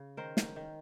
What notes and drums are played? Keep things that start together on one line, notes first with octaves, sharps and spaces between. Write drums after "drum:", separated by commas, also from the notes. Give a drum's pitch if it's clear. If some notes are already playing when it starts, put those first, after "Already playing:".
Already playing: C#3
D#3 A#4 C5
drum: snare
D#3